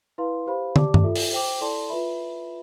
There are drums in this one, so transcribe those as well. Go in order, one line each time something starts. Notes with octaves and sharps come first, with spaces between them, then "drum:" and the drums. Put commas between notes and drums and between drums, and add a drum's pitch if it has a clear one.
E4 B4 F5 C6
G4 C5 F5 B5
G4 D5 A5 D6, drum: tom
drum: tom G2
F4 A4 E5
drum: open hi-hat
C5 G5 D6
E4 A4 D5 A5 C6
F4 B4 E5 B5